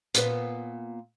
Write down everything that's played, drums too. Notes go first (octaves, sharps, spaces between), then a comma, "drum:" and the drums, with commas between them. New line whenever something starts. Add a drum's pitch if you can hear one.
A#2 B3, drum: hi-hat